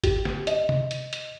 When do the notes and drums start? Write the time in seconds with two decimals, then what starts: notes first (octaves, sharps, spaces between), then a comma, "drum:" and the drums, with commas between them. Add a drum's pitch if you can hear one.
0.04 G4, drum: kick G1, hi-hat
0.25 drum: snare
0.47 D#5, drum: hi-hat
0.69 drum: tom C3
0.91 drum: hi-hat
1.13 drum: hi-hat